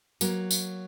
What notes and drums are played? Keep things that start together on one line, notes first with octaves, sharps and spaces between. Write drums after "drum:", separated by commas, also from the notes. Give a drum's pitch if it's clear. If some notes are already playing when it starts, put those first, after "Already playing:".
F#3 A#3, drum: tambourine
drum: tambourine